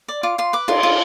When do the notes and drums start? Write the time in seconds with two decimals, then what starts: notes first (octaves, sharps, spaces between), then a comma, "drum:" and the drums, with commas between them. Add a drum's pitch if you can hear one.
0.08 D5
0.23 F4 D6
0.38 F4 C6
0.53 B4 D6
0.68 F4 C6, drum: cymbal
0.83 F4